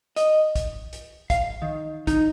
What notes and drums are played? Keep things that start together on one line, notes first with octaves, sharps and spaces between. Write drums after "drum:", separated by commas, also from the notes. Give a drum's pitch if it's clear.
D#5, drum: hi-hat
drum: kick, hi-hat
drum: hi-hat
F5, drum: kick, hi-hat
D#3
D#4, drum: kick, hi-hat